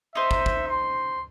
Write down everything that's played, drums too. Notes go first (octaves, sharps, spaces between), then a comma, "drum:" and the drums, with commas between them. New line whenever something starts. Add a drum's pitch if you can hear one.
D#4 C5 E5
drum: kick
drum: kick
C6